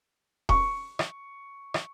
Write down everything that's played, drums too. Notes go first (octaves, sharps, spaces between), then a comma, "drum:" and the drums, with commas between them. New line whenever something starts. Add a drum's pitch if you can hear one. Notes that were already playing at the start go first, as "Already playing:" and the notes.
C#6, drum: kick D#1
drum: rim click
drum: rim click